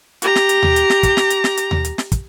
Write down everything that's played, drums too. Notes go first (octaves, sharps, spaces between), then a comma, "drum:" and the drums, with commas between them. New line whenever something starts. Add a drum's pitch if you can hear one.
G4 A#5, drum: hi-hat
drum: snare
drum: hi-hat
drum: tom D#2
drum: hi-hat
drum: snare
drum: kick, hi-hat
drum: snare
drum: hi-hat
drum: snare
drum: hi-hat
drum: tom D#2
drum: hi-hat
drum: snare
drum: kick, hi-hat